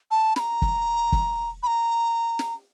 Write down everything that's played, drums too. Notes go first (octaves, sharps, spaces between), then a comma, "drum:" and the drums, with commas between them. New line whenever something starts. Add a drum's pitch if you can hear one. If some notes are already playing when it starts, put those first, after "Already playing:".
A5
B5, drum: snare
A#5
drum: kick
drum: kick
B5
A#5
drum: snare